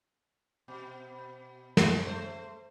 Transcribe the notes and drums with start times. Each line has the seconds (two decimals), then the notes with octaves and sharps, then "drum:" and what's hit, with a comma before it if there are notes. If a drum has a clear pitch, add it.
0.68 B2
1.77 A#2 G#3 C#4, drum: snare
2.05 A3 C5